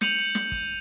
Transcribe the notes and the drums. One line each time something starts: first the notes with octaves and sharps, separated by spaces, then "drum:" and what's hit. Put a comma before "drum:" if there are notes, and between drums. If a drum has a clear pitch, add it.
G6 C#7 D#7 F7 F#7, drum: snare
drum: hi-hat
drum: snare
drum: kick, hi-hat